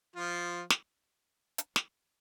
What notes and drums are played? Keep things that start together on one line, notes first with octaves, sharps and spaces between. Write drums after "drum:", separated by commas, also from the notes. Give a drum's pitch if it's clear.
F3 F4
drum: snare
drum: hi-hat
drum: snare